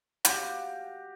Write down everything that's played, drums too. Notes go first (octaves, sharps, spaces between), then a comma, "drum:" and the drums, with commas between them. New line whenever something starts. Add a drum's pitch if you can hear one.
F#4 G4 F5, drum: hi-hat